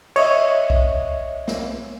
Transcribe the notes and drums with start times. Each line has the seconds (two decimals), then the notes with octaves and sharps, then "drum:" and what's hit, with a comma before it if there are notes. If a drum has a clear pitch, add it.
0.16 C#5 D#5 E5, drum: cymbal
0.70 drum: kick B1
1.48 drum: snare